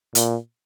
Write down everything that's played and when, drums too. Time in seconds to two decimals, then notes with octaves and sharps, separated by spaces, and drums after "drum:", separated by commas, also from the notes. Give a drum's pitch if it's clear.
0.15 A#2, drum: hi-hat